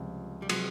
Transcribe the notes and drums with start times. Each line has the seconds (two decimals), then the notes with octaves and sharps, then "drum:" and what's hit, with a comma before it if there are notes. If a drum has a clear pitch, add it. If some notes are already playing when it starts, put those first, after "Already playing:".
Already playing: C#2 C3 F3 G3
0.42 G3
0.49 C3 F3 F#3 G#3, drum: cymbal